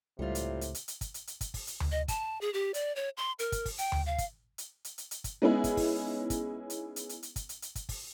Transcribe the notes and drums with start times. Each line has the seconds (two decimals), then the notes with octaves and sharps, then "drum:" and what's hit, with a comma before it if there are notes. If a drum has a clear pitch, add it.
0.19 C#2 A2 C3 G3 F4
0.35 drum: hi-hat
0.61 drum: hi-hat
0.75 drum: hi-hat
0.88 drum: hi-hat
1.01 drum: kick, hi-hat
1.14 drum: hi-hat
1.27 drum: hi-hat
1.41 drum: kick, hi-hat
1.54 drum: kick, open hi-hat
1.67 drum: hi-hat
1.80 drum: tom D2
1.92 D#5
2.08 A5, drum: kick, hi-hat
2.41 G#4
2.53 G4
2.74 D5, drum: hi-hat
2.96 C#5
3.17 C6
3.39 A#4, drum: hi-hat
3.52 drum: kick, hi-hat
3.65 drum: kick, open hi-hat
3.78 G5, drum: hi-hat
3.92 drum: tom D2
4.06 F5
4.18 drum: kick, hi-hat
4.58 drum: hi-hat
4.85 drum: hi-hat
4.98 drum: hi-hat
5.11 drum: hi-hat
5.24 drum: kick, hi-hat
5.42 G#3 B3 C#4 D#4 E4 G#4
5.64 drum: kick, hi-hat
5.77 drum: kick, open hi-hat
6.30 drum: kick, hi-hat
6.70 drum: hi-hat
6.96 drum: hi-hat
7.09 drum: hi-hat
7.23 drum: hi-hat
7.36 drum: kick, hi-hat
7.49 drum: hi-hat
7.62 drum: hi-hat
7.75 drum: kick, hi-hat
7.89 drum: kick, open hi-hat